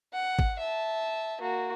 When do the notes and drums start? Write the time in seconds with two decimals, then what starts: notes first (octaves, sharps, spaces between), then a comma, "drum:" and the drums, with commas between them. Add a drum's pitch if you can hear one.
0.13 F#5
0.39 drum: kick
0.60 E5 A5
1.41 A#3 F#4